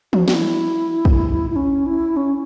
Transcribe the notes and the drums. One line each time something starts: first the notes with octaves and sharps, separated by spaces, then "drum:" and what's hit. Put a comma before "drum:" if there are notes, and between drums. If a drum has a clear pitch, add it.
F#4, drum: tom E3
F#4, drum: snare
E4
drum: kick
E4
C#4
E4
C#4